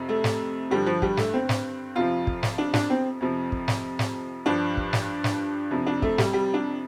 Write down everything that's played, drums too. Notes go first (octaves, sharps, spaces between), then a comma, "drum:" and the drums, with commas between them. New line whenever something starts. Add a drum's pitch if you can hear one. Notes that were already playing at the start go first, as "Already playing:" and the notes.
Already playing: F2 C3
A3
drum: snare
G2 D3 F3 G3
F3
G3, drum: kick
A3, drum: snare
C4
drum: snare
F2 C3 F3 F4
drum: kick
drum: snare
D4
D4, drum: snare
C4
F2 C3 F3
drum: kick
drum: snare
drum: snare
G2 F3 D4
drum: kick
drum: snare
drum: snare
F2 C3 F3
D4
A3, drum: kick
G3, drum: snare
G3
D4